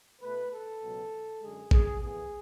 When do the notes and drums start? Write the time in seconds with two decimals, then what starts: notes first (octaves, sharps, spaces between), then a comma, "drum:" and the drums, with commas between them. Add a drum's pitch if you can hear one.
0.21 B2 A3 B4
0.51 A4
0.81 C#2 B2 F#3 B3
1.40 F#2 D3 G#3 G#4
1.71 G#4, drum: kick A1
2.01 A2 E3 B3 G#4